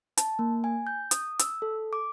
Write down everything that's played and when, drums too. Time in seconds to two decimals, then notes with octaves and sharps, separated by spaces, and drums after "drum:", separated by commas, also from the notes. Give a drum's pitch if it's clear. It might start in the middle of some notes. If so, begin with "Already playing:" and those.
0.18 A5, drum: hi-hat
0.39 A#3
0.64 G#5
0.87 G6
1.11 D#6, drum: hi-hat
1.39 E6, drum: hi-hat
1.62 A4
1.93 D6